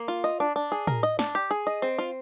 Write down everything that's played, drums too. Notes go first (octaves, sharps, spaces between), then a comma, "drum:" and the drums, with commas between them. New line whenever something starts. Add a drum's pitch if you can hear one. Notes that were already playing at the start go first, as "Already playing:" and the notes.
Already playing: A#3
F4
D#5
D4
D4
G#4
A#4, drum: tom
D#5
D4, drum: snare
G4
G#4
D#5
C4
F4